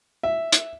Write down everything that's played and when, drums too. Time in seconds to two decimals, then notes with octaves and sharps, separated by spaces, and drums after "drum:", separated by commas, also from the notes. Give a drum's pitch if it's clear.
0.23 E5
0.52 drum: hi-hat